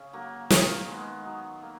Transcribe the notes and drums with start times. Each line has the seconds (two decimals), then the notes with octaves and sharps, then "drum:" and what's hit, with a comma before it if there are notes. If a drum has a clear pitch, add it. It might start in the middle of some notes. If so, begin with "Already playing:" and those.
Already playing: C#3 C#4 C#5
0.13 F#3 A#3
0.50 D#3 F5, drum: snare
0.88 G#3 B3
1.25 F#3
1.62 A#3